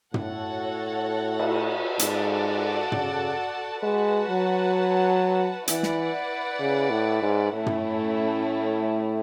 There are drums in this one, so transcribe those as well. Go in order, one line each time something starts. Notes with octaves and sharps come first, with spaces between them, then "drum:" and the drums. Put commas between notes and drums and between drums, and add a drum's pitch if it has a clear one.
A2 F#4 A4 C#5 F#5, drum: tom
drum: cymbal
G#2 F#4 A4 D5 F#5 A5, drum: hi-hat
C#3, drum: tom
G#3 F#4 B4 F#5 A5
F#3
E3 E4 B4 D5 F#5, drum: hi-hat
drum: snare
C#3
A2
G#2
A2 A3 C#4 E4
drum: tom